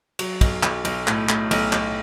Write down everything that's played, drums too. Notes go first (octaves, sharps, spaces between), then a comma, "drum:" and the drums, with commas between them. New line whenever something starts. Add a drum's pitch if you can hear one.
F#3, drum: cymbal
B1, drum: kick, cymbal
B1, drum: clap
B1, drum: cymbal
A2, drum: clap
A2, drum: clap
B1, drum: cymbal
B1, drum: clap